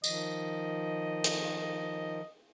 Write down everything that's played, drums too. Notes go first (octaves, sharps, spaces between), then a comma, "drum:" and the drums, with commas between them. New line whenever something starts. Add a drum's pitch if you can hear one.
D#3 F3 D#5, drum: tambourine
drum: hi-hat